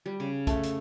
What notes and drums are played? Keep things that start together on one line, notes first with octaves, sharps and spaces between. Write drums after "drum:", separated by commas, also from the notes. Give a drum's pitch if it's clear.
G3
C#3
A3, drum: kick, hi-hat
drum: hi-hat